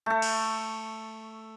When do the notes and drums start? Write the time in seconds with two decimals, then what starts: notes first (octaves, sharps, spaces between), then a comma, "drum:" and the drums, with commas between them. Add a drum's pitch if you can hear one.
0.06 A3 A4
0.22 drum: cymbal